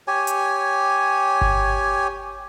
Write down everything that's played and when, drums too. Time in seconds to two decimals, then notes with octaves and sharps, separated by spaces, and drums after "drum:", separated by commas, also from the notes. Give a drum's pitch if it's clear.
0.08 G4 C#5 G#5
0.27 drum: hi-hat
1.41 drum: kick G1